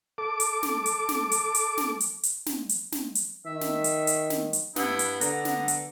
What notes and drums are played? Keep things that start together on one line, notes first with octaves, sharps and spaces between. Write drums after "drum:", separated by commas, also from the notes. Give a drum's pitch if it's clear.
A4 D6
drum: hi-hat
drum: snare
drum: hi-hat
drum: snare
drum: hi-hat
drum: hi-hat
drum: snare
drum: hi-hat
drum: hi-hat
drum: snare
drum: hi-hat
drum: snare
drum: hi-hat
D#3 E5
drum: snare
drum: hi-hat
drum: hi-hat
drum: snare
drum: hi-hat
G2 B3 E4, drum: snare
drum: hi-hat
D3 B3 A#5, drum: hi-hat
drum: snare
drum: hi-hat